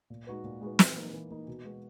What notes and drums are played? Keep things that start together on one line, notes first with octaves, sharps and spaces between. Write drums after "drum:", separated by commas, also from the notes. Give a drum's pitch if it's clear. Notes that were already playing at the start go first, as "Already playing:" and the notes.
A#2
G#3 D#4 F#4 B4
A#2
G#3 D#4 F#4 B4
E3, drum: snare
A#3 D#4
E3
A#3 D#4
B2
G#3 B3 F#4